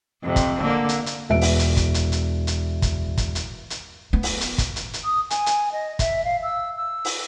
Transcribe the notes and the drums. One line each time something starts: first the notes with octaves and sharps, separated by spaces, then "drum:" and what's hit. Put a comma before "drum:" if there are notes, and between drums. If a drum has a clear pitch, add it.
F2 C3
drum: kick, hi-hat
D3 A#3
drum: hi-hat
drum: hi-hat
E1 E5 D7
drum: open hi-hat
drum: hi-hat
drum: kick, hi-hat
drum: hi-hat
drum: hi-hat
drum: hi-hat
drum: kick, hi-hat
drum: kick, hi-hat
drum: hi-hat
drum: hi-hat
B3
drum: open hi-hat
drum: hi-hat
drum: kick, hi-hat
drum: hi-hat
drum: hi-hat
D#6
G#5, drum: hi-hat
drum: hi-hat
D#5
E5, drum: kick, hi-hat
F5
E6
E6
drum: open hi-hat